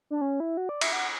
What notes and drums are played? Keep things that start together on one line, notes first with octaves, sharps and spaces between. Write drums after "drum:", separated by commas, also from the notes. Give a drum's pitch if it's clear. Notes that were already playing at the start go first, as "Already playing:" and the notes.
D4
C#4
E4
F#4
D5
E5, drum: cymbal
F#5